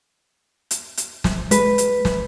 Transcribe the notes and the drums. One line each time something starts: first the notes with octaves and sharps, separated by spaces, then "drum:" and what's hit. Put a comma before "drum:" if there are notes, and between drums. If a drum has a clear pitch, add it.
drum: hi-hat
drum: hi-hat
drum: snare
G#3 B4, drum: hi-hat
drum: hi-hat
drum: snare